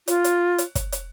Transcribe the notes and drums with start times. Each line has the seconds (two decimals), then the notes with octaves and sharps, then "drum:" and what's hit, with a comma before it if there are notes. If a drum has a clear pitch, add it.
0.08 F4, drum: hi-hat
0.24 drum: hi-hat
0.58 drum: hi-hat
0.75 drum: kick, hi-hat
0.92 drum: hi-hat